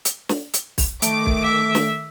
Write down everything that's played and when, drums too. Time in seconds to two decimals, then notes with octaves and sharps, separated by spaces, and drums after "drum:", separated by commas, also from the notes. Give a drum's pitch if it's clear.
0.05 drum: hi-hat
0.29 drum: snare
0.54 drum: hi-hat
0.78 drum: kick, open hi-hat
1.02 D#3 A3 D6, drum: hi-hat
1.26 drum: kick
1.43 E5
1.75 drum: snare